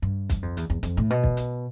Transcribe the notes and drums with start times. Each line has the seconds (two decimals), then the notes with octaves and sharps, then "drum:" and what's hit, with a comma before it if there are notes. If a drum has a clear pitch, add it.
0.02 G2
0.30 drum: kick, hi-hat
0.42 F2
0.57 E2, drum: hi-hat
0.70 E2
0.83 F2, drum: hi-hat
0.97 A2
1.10 B2
1.24 drum: kick
1.37 drum: hi-hat